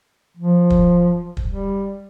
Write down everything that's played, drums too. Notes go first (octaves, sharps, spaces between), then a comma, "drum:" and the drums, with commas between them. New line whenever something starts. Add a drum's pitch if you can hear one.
F3
drum: kick
drum: kick
G3